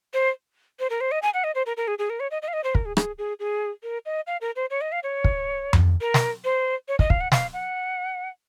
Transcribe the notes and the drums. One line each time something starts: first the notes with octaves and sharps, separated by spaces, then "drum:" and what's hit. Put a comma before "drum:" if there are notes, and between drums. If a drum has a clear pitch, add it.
C5
C5
A#4
C5
D#5
G#5
F#5
D#5
C5
A#4
A#4
G#4
G#4
A#4
C#5
D#5
D#5
F5
D#5
C5
A#4, drum: kick
G#4
G#4, drum: rim click
G#4
G#4
A#4
D#5
F5
A#4
C5
C#5
D#5
F5
C#5
drum: kick
drum: tom F2
A#4
drum: snare
C5
C#5
D#5, drum: kick
F5, drum: kick
F#5
F5, drum: snare
F#5